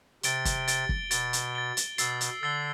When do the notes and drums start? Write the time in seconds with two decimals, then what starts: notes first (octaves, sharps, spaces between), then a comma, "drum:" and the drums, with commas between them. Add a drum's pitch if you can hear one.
0.23 C3 A6 D7 G7, drum: hi-hat
0.45 drum: kick, hi-hat
0.68 A6 D7 G7, drum: hi-hat
0.89 drum: kick
1.11 B2 A6 D7 G7, drum: hi-hat
1.33 drum: hi-hat
1.55 A6 D7 G7
1.77 drum: hi-hat
1.98 B2 E6 A6 C7 G7, drum: hi-hat
2.21 drum: hi-hat
2.42 D3 E6 A6 C7 G7